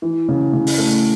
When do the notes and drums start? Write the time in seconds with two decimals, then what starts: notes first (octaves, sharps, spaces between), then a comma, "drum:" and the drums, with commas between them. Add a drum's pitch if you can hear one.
0.02 E3
0.28 C#3
0.53 C#3
0.67 drum: open hi-hat
0.78 A3